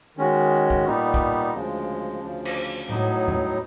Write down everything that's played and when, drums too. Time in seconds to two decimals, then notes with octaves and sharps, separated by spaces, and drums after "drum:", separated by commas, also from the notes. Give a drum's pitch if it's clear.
0.17 D#3 G#3 C#4 F#4
0.70 drum: kick A#1
0.85 A#2 G3 B3 D#4
1.14 drum: kick A#1
1.54 D2 C#3 F3 G#3
2.21 D2 C#3 F3
2.45 drum: cymbal
2.89 A2 F#3 B3 D#4, drum: tom A2
3.28 drum: tom F2